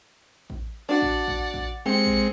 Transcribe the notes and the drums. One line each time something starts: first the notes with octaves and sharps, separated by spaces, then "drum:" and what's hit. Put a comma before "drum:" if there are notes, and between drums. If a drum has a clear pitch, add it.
drum: kick A1
D4 F#4 D5 F#5
drum: kick A1
drum: kick A1
drum: kick A1
G#3 C4 G4 C#7
drum: kick A1